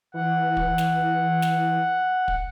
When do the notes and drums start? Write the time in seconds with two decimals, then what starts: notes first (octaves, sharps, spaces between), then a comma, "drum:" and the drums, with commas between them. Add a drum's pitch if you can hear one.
0.14 E3 F#5
0.57 drum: kick
0.78 drum: snare
1.42 drum: snare
2.28 drum: kick